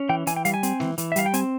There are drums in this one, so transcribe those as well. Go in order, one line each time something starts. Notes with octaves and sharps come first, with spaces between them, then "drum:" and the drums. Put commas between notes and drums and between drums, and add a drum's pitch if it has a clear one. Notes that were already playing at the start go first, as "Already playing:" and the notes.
Already playing: C#4
E3 G5
E3 G#5, drum: hi-hat
G5
G3 F5, drum: hi-hat
G#5
C4, drum: hi-hat
E3, drum: snare G#3
E3, drum: hi-hat
E5
G3 F5, drum: hi-hat
G5
C4 G#5, drum: hi-hat